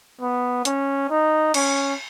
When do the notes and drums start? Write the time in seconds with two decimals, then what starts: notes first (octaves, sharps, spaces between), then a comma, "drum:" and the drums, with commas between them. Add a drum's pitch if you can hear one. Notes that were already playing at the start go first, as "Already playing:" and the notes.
0.21 B3
0.65 C#4, drum: hi-hat
1.10 D#4
1.54 C#4, drum: cymbal